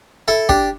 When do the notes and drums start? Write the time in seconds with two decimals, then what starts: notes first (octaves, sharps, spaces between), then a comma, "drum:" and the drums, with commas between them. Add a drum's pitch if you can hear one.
0.28 E4 A4
0.49 D4 G4, drum: kick